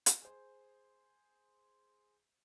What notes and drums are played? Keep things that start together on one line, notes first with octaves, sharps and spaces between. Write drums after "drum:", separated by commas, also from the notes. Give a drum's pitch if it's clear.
drum: hi-hat
G#4 C5